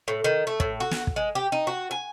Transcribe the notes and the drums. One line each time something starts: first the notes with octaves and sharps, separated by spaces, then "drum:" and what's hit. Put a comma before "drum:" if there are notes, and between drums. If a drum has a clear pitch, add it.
A2
D#3
A3
A2, drum: kick
F#4
drum: snare
drum: kick
G#3
G4
D#4
F#4
G#5